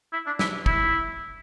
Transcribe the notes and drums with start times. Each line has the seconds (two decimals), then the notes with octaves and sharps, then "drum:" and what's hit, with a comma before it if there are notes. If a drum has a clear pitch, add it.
0.13 E4
0.26 D4
0.39 E4, drum: snare
0.66 E4, drum: kick